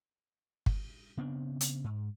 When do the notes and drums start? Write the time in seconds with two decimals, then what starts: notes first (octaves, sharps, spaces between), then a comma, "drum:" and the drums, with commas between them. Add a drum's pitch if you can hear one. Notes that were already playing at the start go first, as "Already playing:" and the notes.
0.66 drum: kick
1.17 C#3 B3 C4 D4
1.61 drum: hi-hat
1.84 G#2